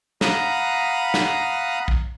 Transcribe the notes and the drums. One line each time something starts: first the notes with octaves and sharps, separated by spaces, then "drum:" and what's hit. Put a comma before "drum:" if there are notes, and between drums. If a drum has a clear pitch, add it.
F5 F#5 A#5 B5 D#6, drum: snare
drum: snare
drum: kick A#1